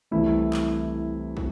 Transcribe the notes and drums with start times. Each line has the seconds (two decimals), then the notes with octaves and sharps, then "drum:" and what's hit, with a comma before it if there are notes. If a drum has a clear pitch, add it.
0.11 C2 C3 E3 A3 E4
0.53 drum: clap
1.37 drum: kick